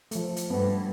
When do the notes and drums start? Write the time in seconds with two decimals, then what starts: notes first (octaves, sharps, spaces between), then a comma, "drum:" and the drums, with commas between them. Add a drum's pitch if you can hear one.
0.11 F3 A3, drum: hi-hat
0.36 drum: hi-hat
0.50 G2 A3 B3